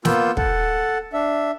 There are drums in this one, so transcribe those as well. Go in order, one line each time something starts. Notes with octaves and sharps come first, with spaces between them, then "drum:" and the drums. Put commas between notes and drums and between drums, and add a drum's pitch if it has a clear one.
A#3 B3 F4 E6 G6, drum: snare
A4 F#5, drum: kick
D4 E5